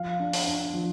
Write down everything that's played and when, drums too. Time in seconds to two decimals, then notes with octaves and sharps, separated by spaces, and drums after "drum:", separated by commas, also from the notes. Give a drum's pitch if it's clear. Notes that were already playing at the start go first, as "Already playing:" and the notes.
Already playing: F3 F5
0.20 D4
0.33 drum: open hi-hat
0.47 D4
0.74 F3